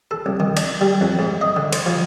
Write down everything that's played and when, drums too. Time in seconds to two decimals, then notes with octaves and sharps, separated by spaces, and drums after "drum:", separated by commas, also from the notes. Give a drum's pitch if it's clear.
0.11 A4
0.26 C2
0.40 D#3
0.57 D4, drum: cymbal
0.81 G3
1.01 F2
1.19 G#2
1.41 D#5
1.56 D3
1.73 C5, drum: cymbal
1.86 F3